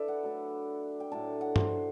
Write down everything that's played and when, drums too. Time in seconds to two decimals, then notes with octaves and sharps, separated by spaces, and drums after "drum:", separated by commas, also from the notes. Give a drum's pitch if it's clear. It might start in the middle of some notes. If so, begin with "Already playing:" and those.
Already playing: D3 E4 A4 B4 D5 E5
0.08 F#5
0.23 F#3 A3 D4
1.00 G5
1.12 A2 F#3 A3 D4 A5
1.41 F#5
1.56 C5, drum: tom